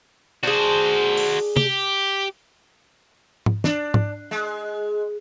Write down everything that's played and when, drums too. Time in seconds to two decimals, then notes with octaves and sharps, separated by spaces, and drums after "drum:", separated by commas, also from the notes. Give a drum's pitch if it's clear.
0.43 D4 F#4 G#4 C5
1.17 drum: open hi-hat
1.57 G4, drum: tom C3
3.46 drum: tom G#2
3.64 D4, drum: snare
3.94 drum: tom G#2
4.31 G#3